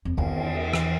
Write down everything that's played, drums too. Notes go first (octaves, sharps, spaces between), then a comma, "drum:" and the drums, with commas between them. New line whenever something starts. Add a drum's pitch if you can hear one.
F2
E2 D#3, drum: cymbal
drum: cymbal
drum: cymbal
E3, drum: rim click